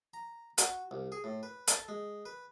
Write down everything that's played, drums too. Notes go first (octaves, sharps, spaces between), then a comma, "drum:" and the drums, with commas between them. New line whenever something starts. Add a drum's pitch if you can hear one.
A#5
F#4, drum: hi-hat
C2
G#4
A2
B4
A4, drum: hi-hat
G#3
B4